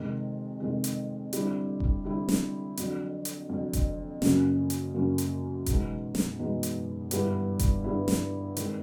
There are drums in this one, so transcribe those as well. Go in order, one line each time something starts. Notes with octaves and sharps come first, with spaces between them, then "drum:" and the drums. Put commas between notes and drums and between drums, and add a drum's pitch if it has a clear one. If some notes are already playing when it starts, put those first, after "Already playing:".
Already playing: F2 C3 D#3 G#3
F2 C3 D#3 G#3
drum: hi-hat
D3 G3 C4 E4, drum: hi-hat
drum: kick F1
D3 G3 C4 E4
drum: snare
F2 D3 F#3, drum: hi-hat
drum: hi-hat
F2 D3 F#3
drum: kick F1, hi-hat
F#2 C#3 F#3 A#3 C#4, drum: snare
drum: hi-hat
F#2 C#3 F#3 A#3 C#4
drum: hi-hat
E2 B2 G#3 B3 D#4, drum: kick F1, hi-hat
drum: snare
E2 B2 G#3 B3 D#4
drum: hi-hat
G2 D3 G3 B3 E4, drum: hi-hat
drum: kick F1, hi-hat
G2 D3 G3 B3 E4
drum: snare
D#3 G#3 C4, drum: hi-hat